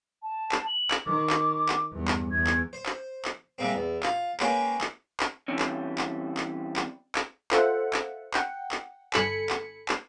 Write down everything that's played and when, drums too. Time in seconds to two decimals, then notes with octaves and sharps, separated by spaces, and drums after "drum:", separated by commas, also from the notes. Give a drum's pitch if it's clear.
0.23 A5
0.52 drum: clap
0.67 F#7
0.91 drum: clap
1.06 D#3 D6
1.30 drum: clap
1.69 drum: clap
1.93 E2 G2
2.08 drum: clap
2.32 E2 G#6
2.47 drum: clap
2.73 C5
2.86 drum: clap
3.25 drum: clap
3.58 C3 G3 G#3 A#3 C4
3.74 E2
4.03 F4, drum: clap
4.40 G#3 A#3 C#4 B4 G5, drum: clap
4.81 drum: clap
5.20 drum: clap
5.48 E3 G3 C4 C#4
5.59 drum: clap
5.98 drum: clap
6.37 drum: clap
6.76 drum: clap
7.15 drum: clap
7.51 F4 A4 C5 E5 F#5, drum: clap
7.93 drum: clap
8.34 F#5 G5, drum: clap
8.72 drum: clap
9.14 G1 G2 A4 G#5 B5 C#7, drum: clap
9.50 drum: clap
9.89 drum: clap